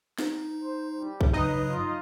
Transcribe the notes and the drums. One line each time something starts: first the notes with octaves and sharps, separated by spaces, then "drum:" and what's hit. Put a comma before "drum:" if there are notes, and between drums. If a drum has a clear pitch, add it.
D#4, drum: snare
C5
G3
drum: kick
G2 C#3 F#3 D#4 B4 D#5
F4